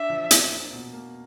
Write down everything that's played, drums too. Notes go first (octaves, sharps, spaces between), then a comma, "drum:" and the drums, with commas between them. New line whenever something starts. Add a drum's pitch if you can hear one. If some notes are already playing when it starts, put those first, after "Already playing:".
Already playing: D4 E5
F3
F3, drum: hi-hat
A#3
B2
A#3